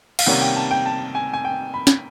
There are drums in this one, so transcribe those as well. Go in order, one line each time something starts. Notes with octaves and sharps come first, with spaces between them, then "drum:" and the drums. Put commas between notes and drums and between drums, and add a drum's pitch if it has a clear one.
F5, drum: cymbal
C3 D#3 G3 A#3 C#4 F#5
G5
A5
G5
A5
G#5
G#5
G5
B5
drum: snare